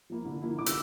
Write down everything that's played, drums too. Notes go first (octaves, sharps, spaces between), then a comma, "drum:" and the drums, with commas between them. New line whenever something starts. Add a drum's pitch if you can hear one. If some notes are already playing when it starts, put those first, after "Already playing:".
F3 A#3 E4
D3
F3 A#3 E4
D3 D6
E6, drum: hi-hat